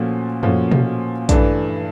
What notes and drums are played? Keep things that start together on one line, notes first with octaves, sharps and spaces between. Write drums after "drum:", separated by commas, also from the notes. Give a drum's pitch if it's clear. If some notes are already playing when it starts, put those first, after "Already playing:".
Already playing: A#2 F3 A3 C#4 F#4
A#2 F3 A3 C#4 F#4, drum: tom F#2
drum: tom B2
G2 E3 A3 D4, drum: kick, hi-hat